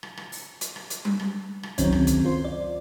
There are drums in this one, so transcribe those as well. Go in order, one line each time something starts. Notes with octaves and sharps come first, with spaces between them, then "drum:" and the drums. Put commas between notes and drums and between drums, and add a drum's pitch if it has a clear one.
drum: rim click
drum: rim click
drum: open hi-hat
drum: hi-hat
drum: rim click
drum: hi-hat
drum: tom G3
drum: rim click
drum: rim click
C#2 F#2 D#3 F#3 C4 C#4, drum: kick B1, hi-hat
drum: rim click
drum: hi-hat
F4 C5
D5